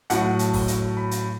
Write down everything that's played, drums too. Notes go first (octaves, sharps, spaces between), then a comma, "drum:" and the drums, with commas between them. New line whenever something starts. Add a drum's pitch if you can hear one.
A2 F#3 F#5, drum: hi-hat
A5, drum: hi-hat
drum: kick, open hi-hat
drum: hi-hat
B5
drum: hi-hat